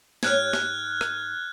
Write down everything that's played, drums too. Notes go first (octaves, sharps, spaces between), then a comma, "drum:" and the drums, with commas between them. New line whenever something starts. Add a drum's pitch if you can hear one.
G#2 G4 C#5 F6 F#6 G#6, drum: snare
drum: snare
drum: rim click